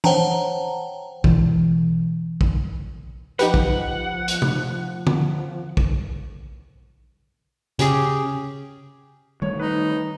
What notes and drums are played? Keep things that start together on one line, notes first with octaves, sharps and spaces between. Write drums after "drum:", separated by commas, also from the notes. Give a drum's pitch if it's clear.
C5 C#5 F#5 G5 A5 A#5, drum: tom
B2 E3 D4, drum: kick A#1
drum: kick A#1
F3 D#4 G4 B4 F#5, drum: hi-hat
drum: kick A#1
drum: hi-hat
drum: tom C3
drum: tom
drum: kick A#1
C#3 C#4 G4 G#4, drum: hi-hat
D#3 G3 A3 C#5
D#4 B4